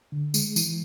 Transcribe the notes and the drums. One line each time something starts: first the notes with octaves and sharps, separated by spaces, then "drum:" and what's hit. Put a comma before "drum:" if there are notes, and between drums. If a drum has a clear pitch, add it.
D3
G#3, drum: tambourine
E3, drum: tambourine